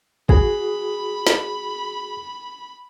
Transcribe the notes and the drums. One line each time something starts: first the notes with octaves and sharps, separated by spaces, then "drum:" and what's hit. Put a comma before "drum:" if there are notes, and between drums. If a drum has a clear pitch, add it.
F#4 G#4 B5, drum: kick
drum: snare